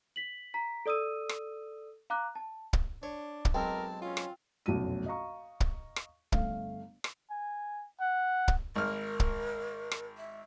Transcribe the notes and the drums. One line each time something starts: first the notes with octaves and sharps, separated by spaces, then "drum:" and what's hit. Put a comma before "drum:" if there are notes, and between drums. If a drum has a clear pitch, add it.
B6 F#7
A#5 B6
A4 D5 D#6 E6 D#7
drum: rim click
F5 A#5 D6 F#6
A5
drum: kick
D4 C#5
drum: kick
B1 G#3 C4 A#4 A5
C#4 F4
drum: rim click
F1 B1 F#2 A2 D#7
D#5 F5 A#5 C#6
drum: kick
drum: rim click
G1 A3 F5, drum: kick
drum: rim click
G#5
F#5
drum: kick
G#1 A#4 F6
drum: kick
drum: rim click
E5